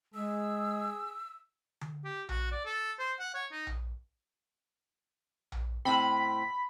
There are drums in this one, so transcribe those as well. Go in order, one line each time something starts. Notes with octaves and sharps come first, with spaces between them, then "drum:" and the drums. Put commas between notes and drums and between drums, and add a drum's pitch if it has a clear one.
G#3 G#4 E6
drum: tom D3
G4
F#4, drum: tom A#1
D5
A4
C5
F#5
C#5
D#4
drum: tom A#1
drum: tom A#1
A2 C4 B5